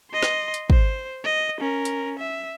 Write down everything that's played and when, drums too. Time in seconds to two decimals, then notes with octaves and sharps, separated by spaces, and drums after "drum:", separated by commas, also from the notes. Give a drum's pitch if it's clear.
0.12 D#5 C6
0.23 drum: snare
0.54 drum: hi-hat
0.70 C5, drum: kick
1.24 D#5
1.61 C#4 A#4
1.85 drum: hi-hat
2.19 E5